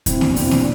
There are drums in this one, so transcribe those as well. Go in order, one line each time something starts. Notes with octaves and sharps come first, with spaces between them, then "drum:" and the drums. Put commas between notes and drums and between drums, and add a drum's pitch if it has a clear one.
B2 C4 E4, drum: kick E2, hi-hat
B2 D4, drum: snare A#3
B2 C4 E4, drum: open hi-hat
B2 D4, drum: snare A#3